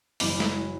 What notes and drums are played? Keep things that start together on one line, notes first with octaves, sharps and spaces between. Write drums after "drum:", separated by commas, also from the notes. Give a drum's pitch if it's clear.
F#1 F#2 E3 G3 B5 D6, drum: open hi-hat
drum: snare